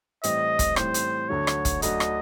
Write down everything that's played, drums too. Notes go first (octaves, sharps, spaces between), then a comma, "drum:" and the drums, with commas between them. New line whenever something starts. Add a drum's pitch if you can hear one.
A2 E3 G3 C4 D#5, drum: hi-hat
drum: kick, hi-hat
A2 E3 G3 C4 C5, drum: rim click
drum: hi-hat
D2 D3 F#3 C#5
drum: rim click
drum: kick, hi-hat
D2 D3 F#3 D#5, drum: hi-hat
drum: rim click